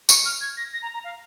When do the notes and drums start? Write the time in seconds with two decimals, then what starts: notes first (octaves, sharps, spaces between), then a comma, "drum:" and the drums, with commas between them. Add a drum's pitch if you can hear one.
0.09 C#6, drum: tambourine
0.25 F6
0.41 G#6
0.57 A#6
0.73 A#6
0.82 A#5
0.94 A#5
1.04 F5